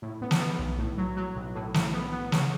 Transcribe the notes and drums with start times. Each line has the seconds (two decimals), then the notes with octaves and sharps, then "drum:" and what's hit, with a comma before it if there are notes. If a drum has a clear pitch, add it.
0.02 A2
0.22 B3
0.31 drum: snare
0.40 B3
0.59 B1
0.79 A2
0.98 F#3
1.17 F#3
1.36 B1
1.55 A2
1.74 A2, drum: snare
1.93 B3
2.12 B3
2.32 C#3, drum: snare